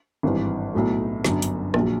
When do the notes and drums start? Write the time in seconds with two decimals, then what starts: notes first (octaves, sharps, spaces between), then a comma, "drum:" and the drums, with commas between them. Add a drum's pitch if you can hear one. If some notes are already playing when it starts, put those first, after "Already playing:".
0.23 G#1 G2 E3
0.74 B1 A2 F#3 A3
1.25 G1 F#2 D3, drum: snare
1.42 drum: hi-hat
1.74 A#1 A#2 F#3, drum: rim click